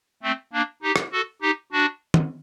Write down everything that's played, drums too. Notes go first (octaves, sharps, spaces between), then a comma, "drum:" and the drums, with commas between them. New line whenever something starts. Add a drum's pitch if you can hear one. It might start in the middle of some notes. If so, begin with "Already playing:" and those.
A3 C4
A#3 D4
D#4 G4
drum: rim click
F#4 A4
D#4 G4
D4 F#4
drum: tom